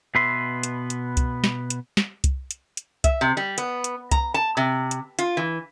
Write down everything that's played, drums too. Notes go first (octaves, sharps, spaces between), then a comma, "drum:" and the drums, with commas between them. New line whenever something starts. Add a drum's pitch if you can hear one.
B2 B3 B4 E5 C6
drum: hi-hat
drum: hi-hat
drum: kick C2, hi-hat
drum: snare
drum: hi-hat
drum: snare
drum: kick C2, hi-hat
drum: hi-hat
drum: hi-hat
E5, drum: kick C2, hi-hat
C3
G3
B3, drum: hi-hat
drum: hi-hat
A#5, drum: kick C2, hi-hat
A5
C3
drum: hi-hat
F4, drum: hi-hat
E3